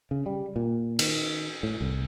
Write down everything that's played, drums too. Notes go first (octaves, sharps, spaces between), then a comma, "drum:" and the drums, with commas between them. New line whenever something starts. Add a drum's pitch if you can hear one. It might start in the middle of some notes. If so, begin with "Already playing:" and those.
C#3
G3
A#2
D#3, drum: cymbal
A2
C2